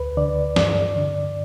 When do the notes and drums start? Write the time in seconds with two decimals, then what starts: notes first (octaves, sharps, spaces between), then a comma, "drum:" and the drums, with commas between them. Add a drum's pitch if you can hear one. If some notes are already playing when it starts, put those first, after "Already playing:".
Already playing: D2 B4
0.17 D3 D5
0.56 G2 D5, drum: snare
0.96 D3